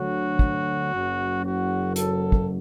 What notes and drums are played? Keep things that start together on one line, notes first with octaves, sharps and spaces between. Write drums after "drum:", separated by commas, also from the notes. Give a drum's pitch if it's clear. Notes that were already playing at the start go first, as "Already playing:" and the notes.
Already playing: D2 D3 F#3 F#4
drum: kick
F#1 F#2 F#3
F#4
A4, drum: hi-hat
drum: kick